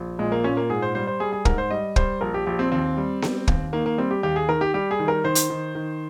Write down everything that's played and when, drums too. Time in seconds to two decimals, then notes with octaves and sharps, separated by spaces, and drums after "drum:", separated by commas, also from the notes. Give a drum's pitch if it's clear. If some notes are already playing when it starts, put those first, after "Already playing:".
Already playing: A#1
0.19 A#2 G#3
0.32 A#3
0.44 A#2 C#4
0.57 A#3
0.70 G#2 G#4
0.82 C5
0.95 G3 C5
1.07 C5
1.20 G3 G#4
1.33 G#4
1.45 G#2 A#4, drum: kick
1.58 C5
1.70 G3 D#5
1.96 G3 C5, drum: kick
2.21 A#1 A#4
2.34 G4
2.47 A#1 G4
2.59 C4
2.72 D#2 C4
2.97 G3
3.22 G3, drum: snare B3
3.48 D#2, drum: kick
3.73 D#3 A#3
3.86 A#3
3.98 G3 C4
4.11 G4
4.23 D#2 G4
4.36 G#4
4.49 D#3 A#4
4.61 G4
4.74 G3 G4
4.91 G#4
4.99 D#3
5.08 A#4
5.24 D#3 C5
5.35 drum: hi-hat
5.50 D#3
5.75 D#3